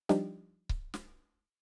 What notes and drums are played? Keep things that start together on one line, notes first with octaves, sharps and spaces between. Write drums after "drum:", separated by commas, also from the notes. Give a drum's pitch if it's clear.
F3 G3 D4 D#4 G4, drum: snare
drum: kick C#1
drum: snare